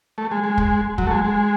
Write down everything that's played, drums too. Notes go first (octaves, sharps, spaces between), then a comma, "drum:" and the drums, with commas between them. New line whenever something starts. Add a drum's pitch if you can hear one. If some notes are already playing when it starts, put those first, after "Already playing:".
A3
G#3
G#3
drum: kick
F#3, drum: kick
A3
G#3
G#3